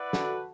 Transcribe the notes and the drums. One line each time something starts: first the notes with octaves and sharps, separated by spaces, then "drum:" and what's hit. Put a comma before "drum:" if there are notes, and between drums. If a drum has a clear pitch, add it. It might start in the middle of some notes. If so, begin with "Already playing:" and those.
Already playing: E4 B4 D5 F#5
F#4 A4, drum: snare